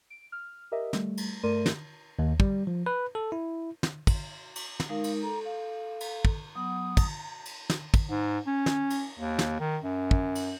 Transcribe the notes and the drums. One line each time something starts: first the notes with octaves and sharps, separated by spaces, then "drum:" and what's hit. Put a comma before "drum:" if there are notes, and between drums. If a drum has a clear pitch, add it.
D7
F6
G4 A#4 D#5 E5
G3 A3, drum: snare
drum: cymbal
G2 A3 A#4 D5 C6 D#7
drum: snare
D#2
G3, drum: kick
F3
B4
A4
E4
drum: snare
drum: kick, cymbal
drum: cymbal
drum: snare
G#3 D#4 A#4 F5
drum: cymbal
A4 A#5
F5
drum: cymbal
drum: kick
F#3 B3 F#5 D#6
drum: kick, cymbal
drum: cymbal
drum: snare
drum: kick, cymbal
G#2
C#4
drum: snare
drum: cymbal
D#2
drum: snare
D#3
F#2
drum: kick
drum: cymbal